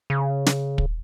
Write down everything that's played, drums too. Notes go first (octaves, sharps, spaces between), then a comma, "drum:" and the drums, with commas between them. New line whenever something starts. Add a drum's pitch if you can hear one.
C#3
drum: snare
drum: kick